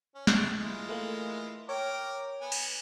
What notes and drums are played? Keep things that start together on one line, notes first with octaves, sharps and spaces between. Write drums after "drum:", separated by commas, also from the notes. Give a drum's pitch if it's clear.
C#4
A3 D4, drum: snare
E3 G#3 F4
A3 A#3
A#4 C#5 G5 D6
B3 G#5
drum: cymbal